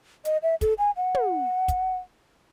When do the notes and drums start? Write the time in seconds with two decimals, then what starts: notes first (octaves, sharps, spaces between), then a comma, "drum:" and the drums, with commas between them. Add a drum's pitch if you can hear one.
0.25 D#5, drum: hi-hat
0.43 E5
0.61 A4, drum: kick, hi-hat
0.78 G#5
0.97 F#5
1.15 drum: tom
1.68 drum: kick, hi-hat